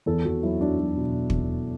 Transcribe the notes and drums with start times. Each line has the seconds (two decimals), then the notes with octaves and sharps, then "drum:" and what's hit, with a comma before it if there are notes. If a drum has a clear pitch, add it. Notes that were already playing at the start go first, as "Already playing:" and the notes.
0.06 E2 A4
0.25 E2 F#4
0.43 F#3 E4
0.61 F#3 D4
0.80 F#3
0.97 B2
1.30 drum: kick